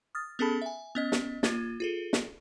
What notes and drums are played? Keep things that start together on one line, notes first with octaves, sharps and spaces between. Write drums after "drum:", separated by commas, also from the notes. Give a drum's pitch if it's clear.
D#6 F6 A6
B3 C#4 G#4 A4 A5 B5
E5 G#5
B3 C#4 D#5
drum: snare
A#3 F4 A6, drum: snare
F4 G#4 A4
drum: snare